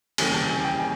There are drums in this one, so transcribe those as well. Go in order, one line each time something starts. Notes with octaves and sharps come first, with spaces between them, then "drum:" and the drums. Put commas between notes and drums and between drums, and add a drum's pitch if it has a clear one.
F1 D#2 C#3 E3 G3 G#5, drum: cymbal
A5
G#5
G5
G#5